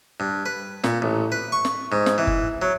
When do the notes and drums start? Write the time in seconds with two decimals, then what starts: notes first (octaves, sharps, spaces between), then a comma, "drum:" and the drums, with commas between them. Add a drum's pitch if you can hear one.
0.20 G2
0.46 B4
0.84 A#2, drum: snare
1.02 A1
1.32 B4
1.52 C#6
1.65 drum: snare
1.92 G#2
2.06 drum: snare
2.18 E3
2.27 drum: kick F#1
2.62 F#3